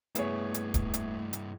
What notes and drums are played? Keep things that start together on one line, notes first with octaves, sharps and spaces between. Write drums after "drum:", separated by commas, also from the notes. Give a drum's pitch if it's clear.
G2 A3 B3 E4 G#4 C#5, drum: hi-hat
drum: hi-hat
drum: kick, hi-hat
drum: hi-hat
drum: hi-hat